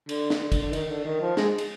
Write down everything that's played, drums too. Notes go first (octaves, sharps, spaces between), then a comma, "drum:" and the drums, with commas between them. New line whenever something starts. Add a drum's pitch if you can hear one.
D3, drum: cymbal
drum: snare
D3
drum: kick, cymbal
D3
D#3, drum: cymbal
D3
D#3
F3
G#3, drum: snare
drum: cymbal